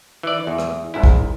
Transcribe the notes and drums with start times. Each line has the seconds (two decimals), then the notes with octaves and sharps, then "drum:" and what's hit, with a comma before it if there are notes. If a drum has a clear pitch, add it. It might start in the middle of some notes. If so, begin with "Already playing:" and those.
0.23 E3 D5
0.47 E2
0.58 drum: rim click
0.94 C2 G#2 E4
1.03 drum: kick